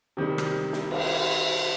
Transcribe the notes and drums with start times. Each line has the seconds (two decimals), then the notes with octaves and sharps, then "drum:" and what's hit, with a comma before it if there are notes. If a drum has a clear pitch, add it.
0.17 C3 D#3 G3
0.38 drum: rim click
0.73 drum: snare
0.91 drum: cymbal